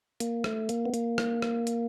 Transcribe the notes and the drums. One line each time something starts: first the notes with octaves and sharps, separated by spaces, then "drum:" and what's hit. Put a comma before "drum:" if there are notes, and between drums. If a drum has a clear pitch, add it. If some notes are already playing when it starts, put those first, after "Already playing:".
A#3, drum: hi-hat
A3, drum: rim click
A#3, drum: hi-hat
B3
A#3, drum: hi-hat
drum: rim click
drum: rim click
drum: hi-hat